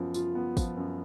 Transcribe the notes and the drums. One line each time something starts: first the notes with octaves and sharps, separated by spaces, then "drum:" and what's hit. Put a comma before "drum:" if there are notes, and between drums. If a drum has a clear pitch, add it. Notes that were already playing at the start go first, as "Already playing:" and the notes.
Already playing: F#2 F3 B3
F4, drum: tambourine
B3
F3, drum: kick, tambourine
F#2